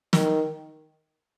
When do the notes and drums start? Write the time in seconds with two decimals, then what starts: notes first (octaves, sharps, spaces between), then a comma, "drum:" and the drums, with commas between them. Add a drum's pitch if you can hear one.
0.13 D#3, drum: snare